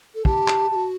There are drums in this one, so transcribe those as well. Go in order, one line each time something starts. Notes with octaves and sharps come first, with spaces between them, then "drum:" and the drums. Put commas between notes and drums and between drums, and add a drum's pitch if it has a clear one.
A4
G4 A5, drum: kick
drum: clap
G4
F#4